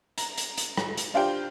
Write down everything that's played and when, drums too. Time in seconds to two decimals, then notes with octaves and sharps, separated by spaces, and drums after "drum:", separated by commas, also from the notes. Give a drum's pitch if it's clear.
0.18 A#5, drum: hi-hat
0.38 drum: hi-hat
0.58 drum: hi-hat
0.77 drum: rim click
0.97 drum: hi-hat
1.14 D4 F4 G4 C5 G5